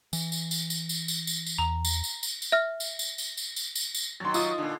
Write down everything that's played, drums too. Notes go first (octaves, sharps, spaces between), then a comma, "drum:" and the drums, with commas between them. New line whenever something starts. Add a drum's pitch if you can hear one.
E3, drum: tambourine
drum: tambourine
drum: tambourine
drum: tambourine
drum: tambourine
drum: tambourine
drum: tambourine
drum: tambourine
E2 A#5
drum: tambourine
drum: tambourine
drum: tambourine
drum: tambourine
E5 F6
drum: tambourine
drum: tambourine
drum: tambourine
drum: tambourine
drum: tambourine
drum: tambourine
drum: tambourine
D#3 F#3 C6 A6
F4 D#6, drum: tambourine
A#2 D3